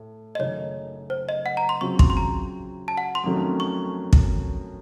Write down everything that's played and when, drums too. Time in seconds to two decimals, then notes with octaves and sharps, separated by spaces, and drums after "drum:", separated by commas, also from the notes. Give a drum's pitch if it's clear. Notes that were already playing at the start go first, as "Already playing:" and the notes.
Already playing: A2
0.35 D#5
0.39 F#1 F#2 D#3 A3 D#4 C#5
1.10 C5
1.29 D#5
1.46 F#5
1.57 A#5
1.69 C6
1.81 C#3 F#3 C4 F4 C#6
1.99 C6, drum: kick
2.10 C6
2.17 A#5
2.88 A5
2.98 F#5
3.15 C6
3.24 F2 D#3 F#3 A3 C#4
3.60 C#6
4.13 drum: kick